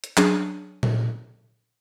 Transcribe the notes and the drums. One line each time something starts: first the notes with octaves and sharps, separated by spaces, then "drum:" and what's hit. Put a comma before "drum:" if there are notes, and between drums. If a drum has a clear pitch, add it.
drum: hi-hat
F#3 C#4 D4 G#4, drum: clap
drum: tom A#2